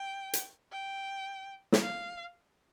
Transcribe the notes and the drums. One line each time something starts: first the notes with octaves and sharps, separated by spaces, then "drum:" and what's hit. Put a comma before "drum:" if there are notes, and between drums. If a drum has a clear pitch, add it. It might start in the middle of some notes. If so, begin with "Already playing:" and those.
Already playing: G5
drum: hi-hat
G5
drum: snare
F5